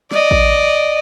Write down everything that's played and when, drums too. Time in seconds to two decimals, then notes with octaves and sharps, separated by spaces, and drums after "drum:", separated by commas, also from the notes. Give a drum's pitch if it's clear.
0.11 D5 D#5, drum: snare
0.31 drum: kick A1